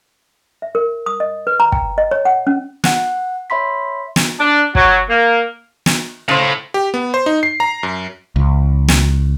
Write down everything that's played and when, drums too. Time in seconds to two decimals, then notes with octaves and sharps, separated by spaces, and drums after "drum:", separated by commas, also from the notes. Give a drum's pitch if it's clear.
0.62 E5
0.75 A#4
1.06 D#6
1.20 D#5
1.47 B4
1.60 A#5
1.72 G5, drum: kick
1.98 D#5
2.11 C#5
2.25 F#5
2.47 C#4
2.84 F#5 F#6, drum: snare
3.50 C#5 E5 B5 C6 B6
4.16 drum: snare
4.39 D4
4.75 F#3, drum: kick
5.09 A#3
5.86 drum: snare
6.28 A2 C#3 C5
6.74 G4
6.94 B3
7.14 C5
7.26 D#4
7.43 C7
7.60 A#5
7.83 F#2
8.36 C#2
8.88 drum: snare